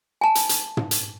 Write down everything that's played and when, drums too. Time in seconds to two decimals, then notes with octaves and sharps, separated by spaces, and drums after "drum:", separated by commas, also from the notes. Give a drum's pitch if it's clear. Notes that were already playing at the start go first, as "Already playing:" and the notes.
0.21 G#5 A5
0.35 drum: hi-hat
0.49 drum: hi-hat
0.77 drum: tom
0.91 drum: hi-hat